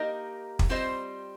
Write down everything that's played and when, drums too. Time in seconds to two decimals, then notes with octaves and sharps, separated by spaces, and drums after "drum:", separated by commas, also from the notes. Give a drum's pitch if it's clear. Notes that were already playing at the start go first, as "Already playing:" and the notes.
Already playing: A#3 D#4 G4 A#4 D#5
0.59 drum: kick
0.69 G3 C4 F4 C5 D#5